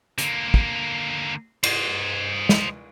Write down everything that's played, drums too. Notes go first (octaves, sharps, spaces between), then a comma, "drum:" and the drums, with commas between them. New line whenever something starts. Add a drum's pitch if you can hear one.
D3 A#3, drum: hi-hat
drum: kick
C5 D#5, drum: cymbal
drum: snare